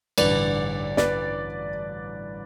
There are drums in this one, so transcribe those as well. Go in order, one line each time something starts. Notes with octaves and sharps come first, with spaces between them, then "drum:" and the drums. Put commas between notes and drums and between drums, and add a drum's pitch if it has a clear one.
A1 G2 D3 B4 D5, drum: cymbal
B4 D5, drum: snare